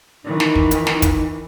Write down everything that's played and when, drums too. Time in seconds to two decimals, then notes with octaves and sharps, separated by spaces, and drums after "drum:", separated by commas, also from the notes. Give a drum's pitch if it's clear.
0.24 D#3 E3 D#4
0.40 drum: snare
0.56 drum: kick
0.71 drum: hi-hat
0.87 drum: snare
1.02 drum: kick, hi-hat